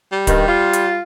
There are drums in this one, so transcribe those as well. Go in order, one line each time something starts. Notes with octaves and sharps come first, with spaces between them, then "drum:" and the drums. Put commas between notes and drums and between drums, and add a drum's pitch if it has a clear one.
G3
G2 D#3, drum: kick, hi-hat
F4
drum: hi-hat